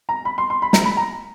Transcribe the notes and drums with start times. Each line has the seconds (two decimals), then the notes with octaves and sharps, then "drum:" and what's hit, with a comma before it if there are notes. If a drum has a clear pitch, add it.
0.09 A#5
0.25 B5
0.38 C6
0.50 C6
0.62 B5
0.73 A#5, drum: snare
0.85 B5
0.97 A#5